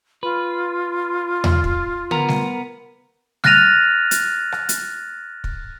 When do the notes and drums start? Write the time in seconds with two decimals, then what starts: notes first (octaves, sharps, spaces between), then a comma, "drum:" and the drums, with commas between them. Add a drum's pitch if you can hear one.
0.23 F4 B4
1.44 drum: tom E2
1.64 drum: kick
2.11 B3 A#4, drum: tom
2.29 drum: snare G3
3.44 F6 F#6 A6 A#6 D#7 F7, drum: snare G3
4.11 drum: hi-hat
4.52 drum: rim click
4.69 drum: hi-hat
5.44 drum: kick